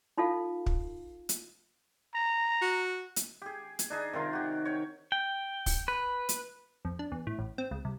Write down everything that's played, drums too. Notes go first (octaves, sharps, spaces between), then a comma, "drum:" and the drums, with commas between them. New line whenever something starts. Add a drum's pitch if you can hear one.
D#4 F4 A4 F5
drum: kick
drum: hi-hat
A#5
F#4
drum: hi-hat
G4 G#4
drum: hi-hat
D4 D#4 G#4
C3 D#3 F4 A#4
F#4 G4
C#5 G5
G5
drum: kick, open hi-hat
B4
drum: hi-hat
F2
D4
E2
A2
A1
C4
C#2
C2